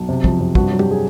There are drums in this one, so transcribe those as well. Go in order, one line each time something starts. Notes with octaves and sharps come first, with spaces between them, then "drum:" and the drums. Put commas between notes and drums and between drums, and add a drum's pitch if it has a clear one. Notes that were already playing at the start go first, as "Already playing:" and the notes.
Already playing: B1
C3
F2, drum: kick
C3
G2 F#4, drum: kick
F#4
F#3
G4, drum: tom
G#4